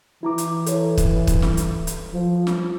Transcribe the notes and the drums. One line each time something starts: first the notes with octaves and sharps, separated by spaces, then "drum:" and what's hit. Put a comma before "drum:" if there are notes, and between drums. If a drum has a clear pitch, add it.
E3 E4 A#5 D6
drum: hi-hat
A4 C#5, drum: hi-hat
drum: kick, hi-hat
drum: kick, hi-hat
drum: snare
drum: hi-hat
drum: hi-hat
F3
drum: snare